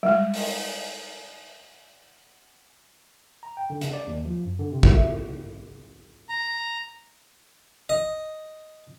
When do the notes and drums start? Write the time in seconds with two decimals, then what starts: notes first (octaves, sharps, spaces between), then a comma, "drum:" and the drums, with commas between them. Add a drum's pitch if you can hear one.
0.03 G3 G#3
0.34 drum: open hi-hat
3.43 A#5
3.57 G5
3.70 D3
3.81 C#3, drum: hi-hat
3.93 D5
4.07 D#2
4.26 F3
4.45 F#2
4.59 D3
4.72 C3
4.83 B2, drum: kick
4.95 E5
6.29 A#5
7.89 D#5